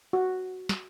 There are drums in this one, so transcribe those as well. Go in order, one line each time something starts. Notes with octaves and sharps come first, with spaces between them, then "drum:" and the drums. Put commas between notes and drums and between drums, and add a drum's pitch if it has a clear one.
F#4
drum: snare